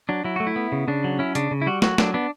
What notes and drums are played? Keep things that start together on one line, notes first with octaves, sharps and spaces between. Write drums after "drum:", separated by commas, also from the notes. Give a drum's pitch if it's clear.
F#3 D4
F#3 E4
A3 F#4
E4
B3
C#3
C#3 D4
F#3
C#4 E4
C#3 D4, drum: hi-hat
C#3
E4
G3 F#4
F#3 F#4, drum: snare
F#3 D4, drum: snare
B3 D4